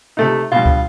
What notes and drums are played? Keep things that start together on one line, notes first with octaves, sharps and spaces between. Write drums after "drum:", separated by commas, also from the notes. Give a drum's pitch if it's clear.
C3 A3 D#4
G2 B2 F4
drum: kick